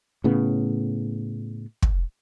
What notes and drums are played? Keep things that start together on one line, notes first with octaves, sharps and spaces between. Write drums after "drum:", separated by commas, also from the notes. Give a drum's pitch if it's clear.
A2 C#3 B3
drum: kick